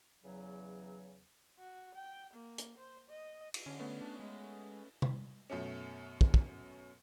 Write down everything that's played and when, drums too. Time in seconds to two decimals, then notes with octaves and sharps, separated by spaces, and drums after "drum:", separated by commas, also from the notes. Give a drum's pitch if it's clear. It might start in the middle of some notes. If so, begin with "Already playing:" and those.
0.24 E2 C#3 F#3
1.59 F#4
1.95 G5
2.34 A#3
2.58 drum: hi-hat
2.78 C5
3.09 D#5
3.54 drum: cymbal
3.66 D3 C#4
3.79 A3 B3 C#4
4.01 D4
4.20 G#3
5.02 drum: tom C3
5.50 F#2 B2 A3 C#4
6.21 drum: kick
6.34 drum: kick